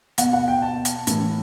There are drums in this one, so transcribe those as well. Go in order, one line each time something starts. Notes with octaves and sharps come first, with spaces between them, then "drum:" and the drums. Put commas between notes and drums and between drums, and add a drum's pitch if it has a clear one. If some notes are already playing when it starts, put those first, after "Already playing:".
B2 F#5, drum: hi-hat
F#5
G5
A5
drum: hi-hat
A2 E3, drum: hi-hat